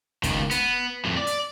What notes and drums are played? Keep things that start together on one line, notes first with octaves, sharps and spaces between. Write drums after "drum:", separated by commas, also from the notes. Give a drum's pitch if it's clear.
C#2 D#3, drum: kick, hi-hat
B3, drum: hi-hat
F2 A2
D5
drum: hi-hat